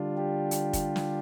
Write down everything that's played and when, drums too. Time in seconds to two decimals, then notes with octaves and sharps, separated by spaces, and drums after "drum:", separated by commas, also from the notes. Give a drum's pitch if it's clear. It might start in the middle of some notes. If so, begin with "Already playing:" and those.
Already playing: D3 G3 D4 F4
0.18 G4
0.51 drum: hi-hat
0.73 drum: kick, hi-hat
0.96 drum: snare